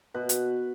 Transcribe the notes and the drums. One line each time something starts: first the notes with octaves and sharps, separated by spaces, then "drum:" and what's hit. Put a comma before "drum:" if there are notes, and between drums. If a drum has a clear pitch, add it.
B2 B4
drum: hi-hat